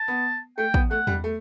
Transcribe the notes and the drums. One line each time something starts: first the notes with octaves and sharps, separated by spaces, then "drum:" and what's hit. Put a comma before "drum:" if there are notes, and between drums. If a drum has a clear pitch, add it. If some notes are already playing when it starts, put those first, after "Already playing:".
Already playing: A5
B3
A3 G5
B3, drum: kick
A3 F#5
G3, drum: tom E2
A3